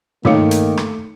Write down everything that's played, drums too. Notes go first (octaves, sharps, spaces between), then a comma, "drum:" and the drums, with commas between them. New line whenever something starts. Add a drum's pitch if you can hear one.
D#3 A3 A#3 D#4 C#5 F5 D6 C#7, drum: tom
drum: hi-hat
drum: rim click